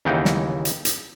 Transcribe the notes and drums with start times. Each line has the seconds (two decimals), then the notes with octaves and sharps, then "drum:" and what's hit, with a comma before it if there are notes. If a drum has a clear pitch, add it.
0.05 D#2 C#3 E3 D#4 F#5 G5
0.25 drum: snare
0.65 drum: hi-hat
0.85 drum: hi-hat